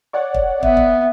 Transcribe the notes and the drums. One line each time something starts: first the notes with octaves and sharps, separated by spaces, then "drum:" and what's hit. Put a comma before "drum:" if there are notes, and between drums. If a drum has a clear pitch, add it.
C#5 D5 F#5
drum: kick
B3 E5, drum: kick
drum: kick